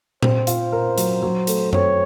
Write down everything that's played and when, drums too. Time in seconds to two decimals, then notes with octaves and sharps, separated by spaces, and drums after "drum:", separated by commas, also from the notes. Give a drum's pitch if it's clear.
0.23 C4 C5, drum: tom A#2
0.47 F4, drum: hi-hat
0.72 A#4
0.98 F#3, drum: hi-hat
1.22 F#3
1.47 A3, drum: hi-hat
1.73 C4 C#5, drum: tom F#2